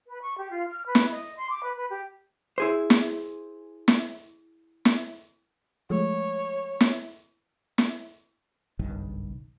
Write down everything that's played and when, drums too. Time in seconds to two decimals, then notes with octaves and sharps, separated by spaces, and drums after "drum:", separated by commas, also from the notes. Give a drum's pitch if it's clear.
0.07 B4
0.22 C#6
0.36 G4
0.49 F4
0.68 F6
0.85 B4
0.95 drum: snare
1.11 D#5
1.37 C6
1.50 D6
1.62 B4
1.76 B4
1.89 G4
2.58 E4 G#4 C5
2.90 drum: snare
3.88 drum: snare
4.85 drum: snare
5.90 F3 G#3 A3 C#5
6.81 drum: snare
7.78 drum: snare
8.79 F#1 B1 G2 D#3